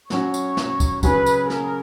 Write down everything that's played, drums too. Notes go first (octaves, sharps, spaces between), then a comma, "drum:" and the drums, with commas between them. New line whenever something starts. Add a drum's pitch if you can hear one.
F#3 C#4 F#4 C#5, drum: snare
drum: tambourine
drum: snare
drum: kick, tambourine
C#3 F#3 C#4 G#4 B4, drum: kick, tambourine
drum: tambourine
A#4, drum: snare